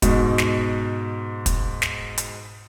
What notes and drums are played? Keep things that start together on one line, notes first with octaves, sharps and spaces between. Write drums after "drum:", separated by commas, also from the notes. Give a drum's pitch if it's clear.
G#2 B2, drum: kick, hi-hat
drum: snare
drum: kick, hi-hat
drum: snare
drum: hi-hat